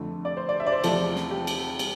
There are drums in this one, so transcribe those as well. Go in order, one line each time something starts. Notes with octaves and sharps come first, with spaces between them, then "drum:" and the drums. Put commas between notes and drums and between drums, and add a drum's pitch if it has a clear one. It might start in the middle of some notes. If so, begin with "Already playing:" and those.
Already playing: F2 D3 A3
D5
C5
D5
E5
D5
C5
E2 C3 F3 A3 A4, drum: cymbal
drum: snare
G4
drum: cymbal
G3, drum: cymbal